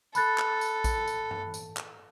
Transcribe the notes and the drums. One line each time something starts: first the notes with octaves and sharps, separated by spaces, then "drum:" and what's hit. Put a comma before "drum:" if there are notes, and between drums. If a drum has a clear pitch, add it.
A4 B5 F#6 A6, drum: tambourine
drum: clap
drum: tambourine
drum: kick A#1, tambourine
drum: tambourine
drum: tom G2
drum: tambourine
drum: clap